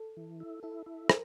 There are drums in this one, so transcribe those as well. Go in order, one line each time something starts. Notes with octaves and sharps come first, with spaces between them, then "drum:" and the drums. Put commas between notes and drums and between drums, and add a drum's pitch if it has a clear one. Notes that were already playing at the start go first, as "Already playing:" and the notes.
Already playing: A4
E3
E4
E4 A4
E4
A#4, drum: rim click